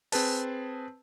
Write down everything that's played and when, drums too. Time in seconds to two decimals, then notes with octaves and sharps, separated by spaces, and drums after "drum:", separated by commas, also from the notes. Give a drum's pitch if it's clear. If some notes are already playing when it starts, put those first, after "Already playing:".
0.12 C4 G#4 B4 A5, drum: open hi-hat